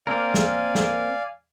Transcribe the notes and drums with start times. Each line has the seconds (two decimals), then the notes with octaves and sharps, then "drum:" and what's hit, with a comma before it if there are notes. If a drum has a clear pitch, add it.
0.07 A#3 C4 A#4 D5 F5 G#5
0.34 drum: snare
0.75 drum: snare